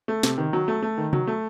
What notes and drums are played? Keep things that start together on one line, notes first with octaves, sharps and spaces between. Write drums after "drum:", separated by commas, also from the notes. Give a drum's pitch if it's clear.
A3
C3, drum: snare
D#3
F#3
A3
A3
D#3
F#3, drum: tom C3
A3